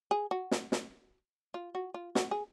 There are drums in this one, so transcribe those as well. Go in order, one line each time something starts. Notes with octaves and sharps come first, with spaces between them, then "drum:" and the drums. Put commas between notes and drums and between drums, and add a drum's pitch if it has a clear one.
G#4
F#4
drum: snare
drum: snare
F4
F#4
F4
F#4, drum: snare
G#4